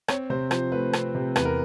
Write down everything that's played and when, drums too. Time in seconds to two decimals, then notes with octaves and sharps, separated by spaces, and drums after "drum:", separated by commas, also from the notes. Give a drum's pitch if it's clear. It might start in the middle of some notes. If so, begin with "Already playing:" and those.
0.08 C4 C#5, drum: rim click
0.30 C3 C5
0.51 F3 C5, drum: rim click
0.72 A3 B4
0.93 C4, drum: rim click
1.15 C3
1.36 E2 B4, drum: rim click
1.45 A#4